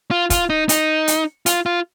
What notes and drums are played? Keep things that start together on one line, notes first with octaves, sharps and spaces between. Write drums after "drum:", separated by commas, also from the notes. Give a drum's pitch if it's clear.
F4
F4, drum: kick, hi-hat
D#4
D#4, drum: hi-hat
drum: hi-hat
F4, drum: hi-hat
F4